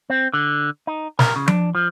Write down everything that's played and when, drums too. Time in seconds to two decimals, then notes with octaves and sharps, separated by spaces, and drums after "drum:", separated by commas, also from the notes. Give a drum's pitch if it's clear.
0.10 C4
0.34 D3
0.87 D#4
1.19 A#4, drum: snare
1.36 C#3
1.48 D4, drum: tom F3
1.75 F3